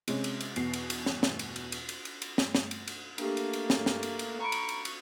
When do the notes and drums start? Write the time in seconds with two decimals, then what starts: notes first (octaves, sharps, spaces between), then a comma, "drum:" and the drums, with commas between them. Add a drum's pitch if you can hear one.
0.08 C3 G#3 C#4, drum: cymbal
0.24 drum: cymbal
0.41 drum: cymbal
0.56 E2 B2 B3 C7, drum: cymbal
0.73 drum: cymbal
0.90 drum: cymbal
1.06 drum: snare
1.23 drum: snare
1.39 drum: cymbal
1.56 drum: cymbal
1.72 drum: cymbal
1.89 drum: cymbal
2.05 drum: cymbal
2.22 drum: cymbal
2.38 drum: snare
2.55 drum: snare
2.71 drum: cymbal
2.87 drum: cymbal
3.18 A3 A#3 D4 G4, drum: cymbal
3.37 drum: cymbal
3.53 drum: cymbal
3.70 drum: snare
3.86 drum: snare
4.03 drum: cymbal
4.19 drum: cymbal
4.40 A#5 B5 C#6 D7
4.52 drum: cymbal
4.69 drum: cymbal
4.85 drum: cymbal